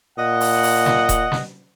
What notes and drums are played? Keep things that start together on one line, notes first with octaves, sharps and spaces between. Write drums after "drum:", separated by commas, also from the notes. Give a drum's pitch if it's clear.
A#2 D#5 F#5
drum: open hi-hat
drum: open hi-hat
drum: snare
drum: kick D#1, hi-hat
drum: snare